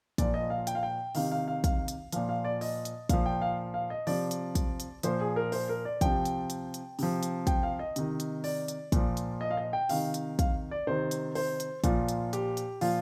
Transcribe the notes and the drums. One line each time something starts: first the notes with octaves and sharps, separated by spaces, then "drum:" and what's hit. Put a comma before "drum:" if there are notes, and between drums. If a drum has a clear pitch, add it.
A#2 F3 D5, drum: kick, hi-hat
D#5
F5
G5, drum: hi-hat
F5
G5
C3 D#3 F5, drum: open hi-hat
F5
F5
F5, drum: kick, hi-hat
drum: hi-hat
A#2 F3 F5, drum: hi-hat
F5
D5
D#5, drum: open hi-hat
drum: hi-hat
A#2 F3 F5, drum: kick, hi-hat
G5
F5
F5
D#5
C3 F3 D5, drum: open hi-hat
drum: hi-hat
drum: kick, hi-hat
drum: hi-hat
A#2 F3 C5, drum: hi-hat
G#4
A#4
C5, drum: open hi-hat
A#4
D5
C3 F3 G5, drum: kick, hi-hat
drum: hi-hat
drum: hi-hat
drum: hi-hat
C3 F3, drum: open hi-hat
drum: hi-hat
G5, drum: kick, hi-hat
F5
D#5
C3 D#3, drum: hi-hat
drum: hi-hat
D5, drum: open hi-hat
drum: hi-hat
A#2 F3, drum: kick, hi-hat
drum: hi-hat
D#5
F5
D#5
G5
C3 D#3 F5, drum: open hi-hat
drum: hi-hat
F5, drum: kick, hi-hat
D5
C3 D#3 C5
drum: hi-hat
C5, drum: open hi-hat
drum: hi-hat
A#2 F3 F4, drum: kick, hi-hat
drum: hi-hat
G4, drum: hi-hat
drum: hi-hat
A#2 F3 F4, drum: open hi-hat